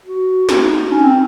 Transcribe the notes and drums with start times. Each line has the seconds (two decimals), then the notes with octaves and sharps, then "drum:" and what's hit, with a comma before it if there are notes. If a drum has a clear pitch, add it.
0.05 F#4
0.49 drum: snare
0.63 D#4
0.92 C#4
1.03 C4